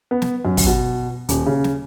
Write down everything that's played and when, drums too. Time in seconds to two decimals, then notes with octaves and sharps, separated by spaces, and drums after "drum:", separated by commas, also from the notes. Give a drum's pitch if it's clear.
0.11 B3
0.22 drum: snare
0.45 F#2
0.57 drum: kick, open hi-hat
0.67 B2
1.29 D#1, drum: hi-hat
1.46 C#3
1.64 drum: snare